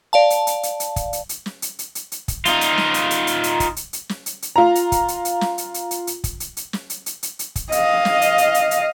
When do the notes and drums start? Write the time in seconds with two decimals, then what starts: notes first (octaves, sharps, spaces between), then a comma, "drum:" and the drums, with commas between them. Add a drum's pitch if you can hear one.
0.13 D5 F5 A5
0.30 drum: hi-hat
0.47 drum: hi-hat
0.63 drum: hi-hat
0.80 drum: hi-hat
0.96 drum: kick, hi-hat
1.13 drum: hi-hat
1.29 drum: hi-hat
1.46 drum: snare
1.62 drum: hi-hat
1.79 drum: hi-hat
1.95 drum: hi-hat
2.12 drum: hi-hat
2.28 drum: kick, hi-hat
2.45 D#4 F4, drum: hi-hat
2.61 drum: hi-hat
2.78 drum: snare
2.94 drum: hi-hat
3.11 drum: hi-hat
3.27 drum: hi-hat
3.43 drum: hi-hat
3.60 drum: kick, hi-hat
3.76 drum: hi-hat
3.93 drum: hi-hat
4.09 drum: snare
4.26 drum: hi-hat
4.42 drum: hi-hat
4.56 F4 A#5
4.75 drum: hi-hat
4.92 drum: kick, hi-hat
5.08 drum: hi-hat
5.25 drum: hi-hat
5.41 drum: snare
5.58 drum: hi-hat
5.74 drum: hi-hat
5.91 drum: hi-hat
6.07 drum: hi-hat
6.24 drum: kick, hi-hat
6.40 drum: hi-hat
6.57 drum: hi-hat
6.73 drum: snare
6.90 drum: hi-hat
7.06 drum: hi-hat
7.23 drum: hi-hat
7.39 drum: hi-hat
7.56 drum: kick, hi-hat
7.72 D#5 F5, drum: hi-hat
8.05 drum: snare
8.21 drum: hi-hat
8.38 drum: hi-hat
8.54 drum: hi-hat
8.71 drum: hi-hat